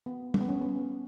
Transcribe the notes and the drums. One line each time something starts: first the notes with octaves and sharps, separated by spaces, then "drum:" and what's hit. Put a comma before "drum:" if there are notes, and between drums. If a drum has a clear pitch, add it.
B3
C#4, drum: tom
B3
C#4
B3
C#4
B3